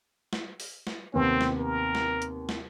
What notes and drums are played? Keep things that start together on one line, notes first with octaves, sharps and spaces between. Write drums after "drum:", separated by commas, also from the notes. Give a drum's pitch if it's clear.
drum: snare
drum: open hi-hat
drum: snare
D#2 C3 B3 C4
drum: snare
A#4
drum: snare
drum: hi-hat
drum: snare